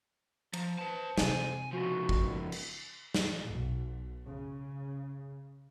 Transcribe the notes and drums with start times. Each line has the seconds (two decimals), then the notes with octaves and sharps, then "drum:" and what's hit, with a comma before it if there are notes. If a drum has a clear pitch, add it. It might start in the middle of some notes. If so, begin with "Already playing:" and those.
0.53 F3 A#5, drum: cymbal
0.78 B4 C5 A5
1.18 C3 G#5, drum: snare
1.72 C#3 F3 F#4
2.09 drum: kick
2.52 drum: cymbal
3.14 drum: snare
3.45 B1
4.26 C#3